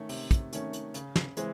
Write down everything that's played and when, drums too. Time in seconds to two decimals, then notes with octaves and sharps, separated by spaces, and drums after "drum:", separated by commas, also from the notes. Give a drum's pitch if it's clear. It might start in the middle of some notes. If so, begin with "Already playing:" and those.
Already playing: D#3 A3 C#4
0.09 C3, drum: open hi-hat
0.31 drum: kick, hi-hat
0.53 D#3 A3 C#4, drum: hi-hat
0.73 drum: hi-hat
0.94 C#3, drum: hi-hat
1.16 drum: snare
1.37 E3 G#3 C4, drum: hi-hat